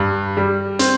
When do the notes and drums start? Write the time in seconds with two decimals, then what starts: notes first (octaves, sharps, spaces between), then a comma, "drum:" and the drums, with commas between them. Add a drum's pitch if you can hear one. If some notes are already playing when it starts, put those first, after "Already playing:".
Already playing: G2
0.37 G3
0.79 C4, drum: hi-hat